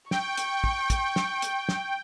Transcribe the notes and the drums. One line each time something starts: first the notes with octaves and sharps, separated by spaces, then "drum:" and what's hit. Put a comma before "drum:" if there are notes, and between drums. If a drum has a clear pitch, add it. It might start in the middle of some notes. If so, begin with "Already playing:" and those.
G5 C#6, drum: snare
drum: hi-hat
drum: kick
drum: kick, hi-hat
drum: snare
drum: hi-hat
drum: snare